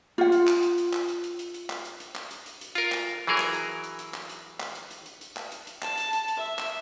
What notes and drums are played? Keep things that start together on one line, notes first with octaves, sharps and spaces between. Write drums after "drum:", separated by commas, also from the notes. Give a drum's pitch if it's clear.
F4 F#5
drum: hi-hat
drum: clap
drum: hi-hat
drum: hi-hat
drum: clap
drum: hi-hat
drum: hi-hat
drum: hi-hat
drum: hi-hat
drum: clap
drum: hi-hat
drum: hi-hat
drum: clap
drum: hi-hat
drum: hi-hat
drum: hi-hat
F4 A#4, drum: hi-hat
drum: clap
E3 F#3 G#4 A#4
drum: clap
drum: hi-hat
drum: hi-hat
drum: hi-hat
drum: clap
drum: hi-hat
drum: clap
drum: hi-hat
drum: hi-hat
drum: hi-hat
drum: hi-hat
drum: clap
drum: hi-hat
drum: hi-hat
A5, drum: clap
drum: hi-hat
drum: hi-hat
drum: hi-hat
E5
drum: clap